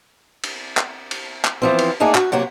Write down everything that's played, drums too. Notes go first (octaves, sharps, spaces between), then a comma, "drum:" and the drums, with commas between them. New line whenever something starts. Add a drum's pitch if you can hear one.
drum: cymbal
drum: clap
drum: cymbal
drum: clap
E3 F3 C4
drum: cymbal
A3 A#3 D4 D#4 G#4
F#4, drum: clap
C3 F#3 A#3 F#4